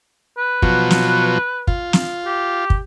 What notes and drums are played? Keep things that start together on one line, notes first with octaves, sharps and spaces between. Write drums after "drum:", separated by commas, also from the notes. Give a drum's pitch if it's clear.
B4
B2 F3 F#3, drum: kick
drum: snare
F4, drum: kick
drum: snare
G4
drum: kick